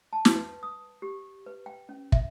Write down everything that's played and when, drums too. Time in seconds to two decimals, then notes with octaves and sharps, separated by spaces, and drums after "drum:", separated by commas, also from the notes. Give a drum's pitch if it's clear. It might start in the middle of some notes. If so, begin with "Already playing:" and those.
0.13 A5
0.25 drum: snare
0.36 B4
0.63 D#6
1.02 G4
1.46 B4
1.66 G5
1.89 C#4
2.12 E5, drum: kick